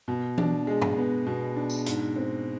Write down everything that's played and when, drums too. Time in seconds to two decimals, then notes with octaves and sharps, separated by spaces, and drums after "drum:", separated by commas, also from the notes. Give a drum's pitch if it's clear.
0.08 B2
0.38 D4, drum: tom E3
0.67 G#3
0.82 drum: tom
0.96 B3
1.27 B2
1.56 D4
1.70 drum: tambourine
1.86 G#2, drum: hi-hat
2.16 C4